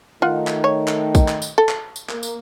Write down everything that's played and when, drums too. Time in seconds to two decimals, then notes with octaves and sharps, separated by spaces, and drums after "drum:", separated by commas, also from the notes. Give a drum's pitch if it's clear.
0.22 D#3 A3 D#4 F4 F#5
0.47 drum: clap
0.64 C#5
0.88 drum: clap
1.15 drum: kick A#1, tambourine
1.28 drum: clap
1.42 drum: tambourine
1.58 A4
1.69 drum: clap
1.96 drum: tambourine
2.09 A#3, drum: clap
2.23 drum: tambourine